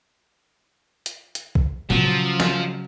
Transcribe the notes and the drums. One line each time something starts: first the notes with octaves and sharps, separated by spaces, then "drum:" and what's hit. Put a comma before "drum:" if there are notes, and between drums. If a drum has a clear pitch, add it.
drum: hi-hat
drum: hi-hat
drum: kick B1
C#3 F3 F#3 C#4, drum: tom A#2
drum: snare